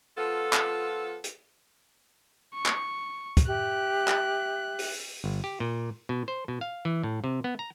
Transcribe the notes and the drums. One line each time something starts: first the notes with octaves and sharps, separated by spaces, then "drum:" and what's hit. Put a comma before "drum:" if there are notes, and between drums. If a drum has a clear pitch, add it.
F3 B3 F4 A4
drum: clap
drum: hi-hat
C#6
drum: clap
drum: kick, hi-hat
G4 E5 F#6
drum: clap
drum: open hi-hat
G1
G4
A#2
B2
C5
B2
F5
E3
A2
C3
B3
A#5